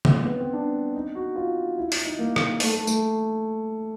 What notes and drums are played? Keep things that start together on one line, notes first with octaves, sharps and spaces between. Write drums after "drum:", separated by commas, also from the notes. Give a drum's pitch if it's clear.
drum: tom C#3
B3
C4
D4
D#4
F#4
F4
E4
E4, drum: open hi-hat
D#4
A#3
drum: rim click
A3, drum: open hi-hat
A3
A3, drum: tambourine